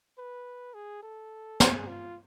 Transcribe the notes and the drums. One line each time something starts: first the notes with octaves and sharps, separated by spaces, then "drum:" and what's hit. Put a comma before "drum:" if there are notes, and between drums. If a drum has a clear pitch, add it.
B4
G#4
A4
G#4, drum: snare
F4